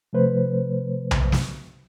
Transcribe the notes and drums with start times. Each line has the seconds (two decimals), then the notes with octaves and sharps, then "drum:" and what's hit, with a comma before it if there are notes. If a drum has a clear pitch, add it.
0.13 C3 F3 A3 B4 C5
1.11 drum: tom B1
1.32 drum: snare